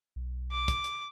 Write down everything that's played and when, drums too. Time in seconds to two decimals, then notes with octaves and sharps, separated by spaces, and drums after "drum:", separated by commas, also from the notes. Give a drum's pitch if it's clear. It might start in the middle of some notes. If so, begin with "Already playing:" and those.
0.16 B1
0.52 D6
0.68 drum: kick, hi-hat
0.84 drum: hi-hat